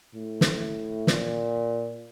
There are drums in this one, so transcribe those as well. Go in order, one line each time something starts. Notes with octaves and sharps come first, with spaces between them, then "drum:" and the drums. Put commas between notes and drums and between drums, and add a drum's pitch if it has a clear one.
A2
drum: snare
A#2, drum: snare